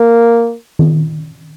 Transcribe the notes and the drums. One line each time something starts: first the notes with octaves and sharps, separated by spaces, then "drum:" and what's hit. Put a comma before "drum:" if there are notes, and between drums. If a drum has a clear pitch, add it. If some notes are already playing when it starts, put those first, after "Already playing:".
Already playing: A#3
drum: tom D#3